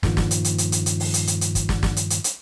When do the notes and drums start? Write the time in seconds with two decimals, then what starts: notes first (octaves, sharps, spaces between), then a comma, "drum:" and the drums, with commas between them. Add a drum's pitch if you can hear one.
0.03 G2 A#2 D#3 F3, drum: snare
0.17 drum: snare
0.31 drum: hi-hat
0.45 drum: hi-hat
0.58 drum: hi-hat
0.72 drum: hi-hat
0.86 drum: hi-hat
1.00 drum: open hi-hat
1.14 drum: hi-hat
1.27 drum: hi-hat
1.41 drum: hi-hat
1.55 drum: kick, hi-hat
1.69 drum: snare
1.83 drum: snare
1.97 drum: hi-hat
2.10 drum: hi-hat
2.24 drum: hi-hat